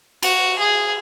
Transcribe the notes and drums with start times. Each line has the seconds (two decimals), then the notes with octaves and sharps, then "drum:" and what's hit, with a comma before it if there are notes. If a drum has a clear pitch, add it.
0.23 F#4, drum: cymbal
0.59 G#4